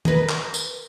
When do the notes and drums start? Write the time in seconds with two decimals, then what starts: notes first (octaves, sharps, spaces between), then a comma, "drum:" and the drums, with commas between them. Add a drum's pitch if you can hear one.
0.05 G#4 A#4 B4, drum: tom
0.30 drum: clap
0.54 drum: tambourine